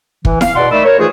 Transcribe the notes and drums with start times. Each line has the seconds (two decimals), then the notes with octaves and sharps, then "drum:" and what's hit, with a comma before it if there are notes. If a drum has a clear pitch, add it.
0.25 E3, drum: kick
0.41 F5, drum: snare E4
0.56 E2 B2 D5 F#5 C6
0.71 D#3 A3 D5 B5 E6
0.84 A#4 C#5
0.98 G#2 E3 A3 F4 G#4